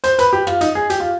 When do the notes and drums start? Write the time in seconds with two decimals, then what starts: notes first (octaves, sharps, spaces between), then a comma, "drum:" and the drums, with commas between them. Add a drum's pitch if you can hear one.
0.04 C5, drum: hi-hat
0.19 B4, drum: hi-hat
0.33 G4
0.47 F4, drum: rim click
0.61 D#4, drum: hi-hat
0.75 G#4
0.90 G4, drum: hi-hat
1.00 F4